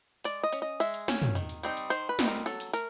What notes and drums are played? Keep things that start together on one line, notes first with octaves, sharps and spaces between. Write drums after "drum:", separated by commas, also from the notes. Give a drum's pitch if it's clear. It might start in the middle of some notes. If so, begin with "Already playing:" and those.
G#3 D5, drum: hi-hat
D#5
C#4, drum: hi-hat
D#5
G#3 E5, drum: hi-hat
drum: hi-hat
C#4, drum: snare
drum: tom
D#3, drum: hi-hat
drum: hi-hat
G3 C4 D#4, drum: hi-hat
drum: hi-hat
D#3 C5, drum: hi-hat
B4
G3 C4 D#4, drum: snare
A#4
F#3 A4, drum: hi-hat
drum: hi-hat
A3 A#4, drum: hi-hat